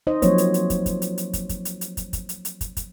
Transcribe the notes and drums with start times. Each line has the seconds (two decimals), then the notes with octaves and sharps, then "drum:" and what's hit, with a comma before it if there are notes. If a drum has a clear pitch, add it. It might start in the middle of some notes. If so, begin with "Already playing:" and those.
0.07 D#4 C5 D#5
0.22 F3 F#3 A#3 C4 C5 C#5, drum: kick, hi-hat
0.38 drum: hi-hat
0.54 drum: hi-hat
0.70 drum: kick, hi-hat
0.86 drum: kick, hi-hat
1.02 drum: hi-hat
1.18 drum: hi-hat
1.33 drum: kick, hi-hat
1.49 drum: kick, hi-hat
1.65 drum: hi-hat
1.81 drum: hi-hat
1.97 drum: kick, hi-hat
2.13 drum: kick, hi-hat
2.29 drum: hi-hat
2.45 drum: hi-hat
2.61 drum: kick, hi-hat
2.77 drum: kick, hi-hat